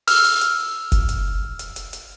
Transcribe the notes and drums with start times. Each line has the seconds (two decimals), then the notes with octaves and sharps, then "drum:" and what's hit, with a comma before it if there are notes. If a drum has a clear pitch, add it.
0.07 E6 F6, drum: open hi-hat
0.24 drum: hi-hat
0.41 drum: hi-hat
0.92 drum: kick, hi-hat
1.09 drum: hi-hat
1.59 drum: hi-hat
1.76 drum: hi-hat
1.93 drum: hi-hat